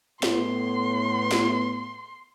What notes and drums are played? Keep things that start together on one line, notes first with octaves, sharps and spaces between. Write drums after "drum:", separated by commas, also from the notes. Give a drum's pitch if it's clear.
A2 B3 C6, drum: snare
drum: snare